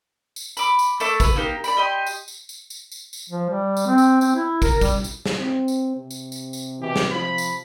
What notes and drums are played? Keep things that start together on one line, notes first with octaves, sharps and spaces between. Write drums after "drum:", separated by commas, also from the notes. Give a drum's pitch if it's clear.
drum: tambourine
B5 D6, drum: tambourine
drum: tambourine
A3 A4 E5 D6, drum: tambourine
B4, drum: kick, tambourine
A#3 D#4 G4
D5 G5 B5, drum: tambourine
G4 D#5 C6
drum: tambourine
drum: tambourine
drum: tambourine
drum: tambourine
drum: tambourine
drum: tambourine
F3
G3
drum: tambourine
C4
drum: tambourine
C4, drum: tambourine
E4
A#4, drum: kick, tambourine
G3, drum: kick, tambourine
drum: tambourine
drum: snare
C4
drum: tambourine
C3
drum: tambourine
drum: tambourine
drum: tambourine
B2 E3 G4
drum: snare
F3 B5
drum: tambourine